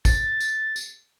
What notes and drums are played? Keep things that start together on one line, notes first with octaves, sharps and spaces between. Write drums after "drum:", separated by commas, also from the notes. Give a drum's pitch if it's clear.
A6, drum: kick A1, tambourine
drum: tambourine
drum: tambourine